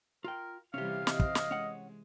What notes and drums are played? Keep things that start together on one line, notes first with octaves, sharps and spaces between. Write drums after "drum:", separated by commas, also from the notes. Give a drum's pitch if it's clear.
F4 A#4 G5
C3 E3 G3 C#4 G4 F5
C4 D#5, drum: snare
drum: kick
drum: snare
G#3 C#4 F#5